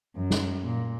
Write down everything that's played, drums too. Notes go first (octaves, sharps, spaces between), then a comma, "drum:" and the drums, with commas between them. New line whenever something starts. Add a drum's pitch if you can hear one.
F#2
drum: snare
A#2